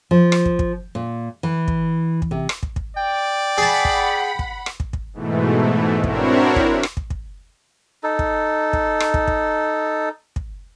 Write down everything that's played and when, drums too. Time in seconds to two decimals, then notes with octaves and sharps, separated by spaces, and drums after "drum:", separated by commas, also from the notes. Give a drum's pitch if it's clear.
0.11 F3
0.32 drum: rim click
0.46 drum: kick
0.59 drum: kick
0.95 A#2
1.43 E3
1.68 drum: kick
2.22 drum: kick
2.31 C3
2.49 drum: rim click
2.63 drum: kick
2.76 drum: kick
2.97 D5 G5
3.58 G#4 F#5 A5 B5
3.85 drum: kick
4.39 drum: kick
4.66 drum: rim click
4.80 drum: kick
4.93 drum: kick
5.14 G#2 B2 E3 A3
6.04 C4 D4 E4 F#4 A#4 C#5, drum: kick
6.56 drum: kick
6.83 drum: rim click
6.97 drum: kick
7.10 drum: kick
8.03 D#4 A4
8.19 drum: kick
8.73 drum: kick
9.00 drum: rim click
9.14 drum: kick
9.28 drum: kick
10.36 drum: kick